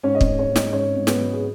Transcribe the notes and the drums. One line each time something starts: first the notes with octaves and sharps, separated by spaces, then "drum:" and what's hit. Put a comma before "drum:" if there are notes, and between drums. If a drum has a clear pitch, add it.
G#2 C#4 C#5
D#5
C#4 C#5, drum: kick
G#2
C#4 C#5
G#2
D#4 D#5, drum: snare
G#2 C#4 C#5
G#2
B3 B4, drum: snare
F#3
G#4